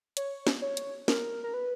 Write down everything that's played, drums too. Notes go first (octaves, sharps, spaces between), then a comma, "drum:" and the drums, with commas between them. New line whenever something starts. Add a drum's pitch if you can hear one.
C#5, drum: hi-hat
drum: snare
C#5
drum: hi-hat
A#4, drum: snare
A#4
B4